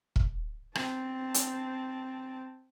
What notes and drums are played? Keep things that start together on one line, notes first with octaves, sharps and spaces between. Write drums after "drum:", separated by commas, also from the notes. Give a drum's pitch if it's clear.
drum: kick
C4 A5, drum: rim click
drum: hi-hat